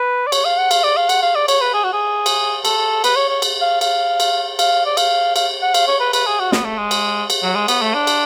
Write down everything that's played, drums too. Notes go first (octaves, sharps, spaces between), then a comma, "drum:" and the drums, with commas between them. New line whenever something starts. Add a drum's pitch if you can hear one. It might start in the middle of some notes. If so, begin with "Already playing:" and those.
Already playing: B4
D5
C#5, drum: cymbal
F5
F#5
F5, drum: cymbal
D5
F5
F#5, drum: cymbal
F5
D5
C#5, drum: cymbal
B4
G#4
F#4
G#4
drum: cymbal
A4, drum: cymbal
B4, drum: cymbal
C#5
C#5
drum: cymbal
F5
F5, drum: cymbal
drum: cymbal
F5, drum: cymbal
D5
F5, drum: cymbal
F5, drum: cymbal
F#5
F5, drum: cymbal
C#5
B4
B4, drum: cymbal
G#4
F#4
B3, drum: snare
A3
G#3
drum: cymbal
drum: cymbal
F#3
G#3
B3, drum: cymbal
A3
D4
drum: cymbal